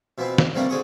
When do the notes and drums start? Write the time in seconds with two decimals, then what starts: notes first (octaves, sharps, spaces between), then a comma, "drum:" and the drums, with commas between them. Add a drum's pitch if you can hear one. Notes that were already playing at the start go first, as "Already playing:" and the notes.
0.18 B2 E3 F3 C4 E4
0.38 drum: snare
0.55 C3 E3 G3 A3 A#3 D4
0.69 D3 C4 F#4 G#4 D#5 C#6